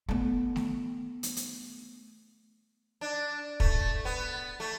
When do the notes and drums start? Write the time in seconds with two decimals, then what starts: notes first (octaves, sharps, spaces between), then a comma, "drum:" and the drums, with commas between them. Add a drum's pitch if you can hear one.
0.09 A3 B3
0.56 drum: snare A3
1.23 drum: hi-hat
1.36 drum: hi-hat
3.01 D4
3.60 A3, drum: kick
4.05 B3
4.60 A3